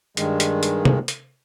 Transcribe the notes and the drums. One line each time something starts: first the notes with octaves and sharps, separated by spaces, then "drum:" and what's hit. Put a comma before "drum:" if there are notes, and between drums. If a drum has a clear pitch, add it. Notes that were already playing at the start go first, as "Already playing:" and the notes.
G2 D#3 G#3, drum: hi-hat
drum: hi-hat
drum: hi-hat
drum: tom C3
drum: hi-hat